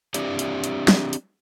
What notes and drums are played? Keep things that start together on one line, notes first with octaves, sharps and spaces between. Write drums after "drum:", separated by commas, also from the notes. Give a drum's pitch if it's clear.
C4 D4 E4 G4 D5, drum: hi-hat
drum: hi-hat
drum: hi-hat
drum: snare
drum: hi-hat